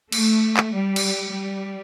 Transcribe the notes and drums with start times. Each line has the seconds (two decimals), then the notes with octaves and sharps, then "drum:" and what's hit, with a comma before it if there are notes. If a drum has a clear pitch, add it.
0.12 A3, drum: cymbal
0.57 drum: clap
0.73 G3
0.96 drum: cymbal
1.33 G3